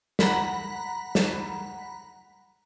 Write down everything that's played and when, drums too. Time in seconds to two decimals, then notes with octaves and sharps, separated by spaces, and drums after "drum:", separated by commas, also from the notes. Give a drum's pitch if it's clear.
0.19 F#5 A#5 B5 B6, drum: snare
1.15 drum: snare